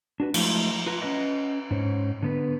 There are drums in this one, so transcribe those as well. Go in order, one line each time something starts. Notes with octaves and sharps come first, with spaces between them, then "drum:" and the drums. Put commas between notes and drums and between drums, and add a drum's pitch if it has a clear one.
D4 F#4 B4
F3 F#3 G#3 A3 E4, drum: cymbal
F4 B4 A#5
C#4 F4 B4 D#5 F#5
G#2 C#4 C5 C#5
D3 B3 B4